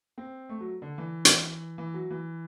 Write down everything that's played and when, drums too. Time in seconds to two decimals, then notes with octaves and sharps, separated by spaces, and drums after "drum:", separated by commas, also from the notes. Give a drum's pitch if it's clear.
0.18 C4
0.49 A3
0.60 F#3
0.82 D3
0.98 E3
1.25 drum: hi-hat
1.78 E3
1.94 F#3
2.10 E3